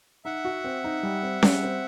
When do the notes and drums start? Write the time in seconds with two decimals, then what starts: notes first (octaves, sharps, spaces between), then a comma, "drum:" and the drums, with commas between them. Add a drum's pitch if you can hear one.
0.25 D#4 E5 F#5
0.45 F#4
0.64 C4
0.84 D#4
1.03 G3
1.23 C4
1.43 G3, drum: snare C#4
1.63 C4